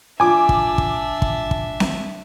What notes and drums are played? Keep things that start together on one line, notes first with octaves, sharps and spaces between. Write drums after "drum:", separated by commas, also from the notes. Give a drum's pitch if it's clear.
F3 D4 E5 G#5 D6
drum: kick
drum: kick
drum: kick
drum: kick
drum: snare C4